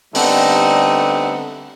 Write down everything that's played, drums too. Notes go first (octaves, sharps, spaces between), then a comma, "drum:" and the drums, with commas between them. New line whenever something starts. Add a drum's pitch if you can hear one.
D3 G3 A3 B3 C4 D#4, drum: open hi-hat